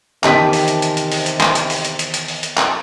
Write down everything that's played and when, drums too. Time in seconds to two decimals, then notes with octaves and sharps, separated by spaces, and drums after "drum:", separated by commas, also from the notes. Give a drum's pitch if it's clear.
0.24 E2 C3 D#3 G4 D#5 A5 B6, drum: clap
0.53 drum: open hi-hat
0.68 drum: hi-hat
0.82 drum: hi-hat
0.97 drum: hi-hat
1.12 drum: open hi-hat
1.26 drum: hi-hat
1.41 drum: clap
1.55 drum: hi-hat
1.70 drum: open hi-hat
1.85 drum: hi-hat
1.99 drum: hi-hat
2.14 drum: hi-hat
2.28 drum: open hi-hat
2.43 drum: hi-hat
2.58 drum: clap